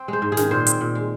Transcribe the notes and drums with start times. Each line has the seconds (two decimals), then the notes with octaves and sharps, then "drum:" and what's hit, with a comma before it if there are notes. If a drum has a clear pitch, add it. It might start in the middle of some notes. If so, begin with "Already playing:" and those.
Already playing: C4
0.08 G#3 C5
0.22 G#2
0.32 G#4
0.37 D#3, drum: snare
0.51 A#2 C5
0.67 C4, drum: hi-hat
0.81 A#2
0.95 G#3